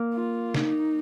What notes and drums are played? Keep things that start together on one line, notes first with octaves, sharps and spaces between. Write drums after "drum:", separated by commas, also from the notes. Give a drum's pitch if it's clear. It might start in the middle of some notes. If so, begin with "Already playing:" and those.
Already playing: A#3
F4
D#4, drum: snare